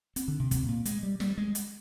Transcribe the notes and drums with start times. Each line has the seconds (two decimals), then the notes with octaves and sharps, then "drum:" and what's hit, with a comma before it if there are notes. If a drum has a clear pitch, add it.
0.16 C4, drum: hi-hat
0.28 D3
0.40 C3
0.51 C3, drum: kick, hi-hat
0.68 A#2
0.85 G#3, drum: hi-hat
1.03 G3
1.20 G3, drum: snare
1.38 G#3
1.55 drum: hi-hat